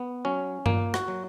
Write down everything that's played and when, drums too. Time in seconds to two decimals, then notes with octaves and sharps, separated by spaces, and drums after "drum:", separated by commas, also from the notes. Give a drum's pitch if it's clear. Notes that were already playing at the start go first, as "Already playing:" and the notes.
Already playing: B3
0.25 F#3 C#4
0.66 A#2 A#3, drum: tom G2
0.94 F#4, drum: rim click
1.08 F#3